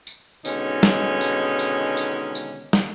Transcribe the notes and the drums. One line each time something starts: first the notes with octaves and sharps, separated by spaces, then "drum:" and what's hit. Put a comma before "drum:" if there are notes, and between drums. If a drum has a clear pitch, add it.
drum: tambourine
B2 D3 D#3 G#3 C#4 D#4, drum: tambourine
drum: snare
drum: tambourine
drum: tambourine
drum: tambourine
drum: tambourine
drum: snare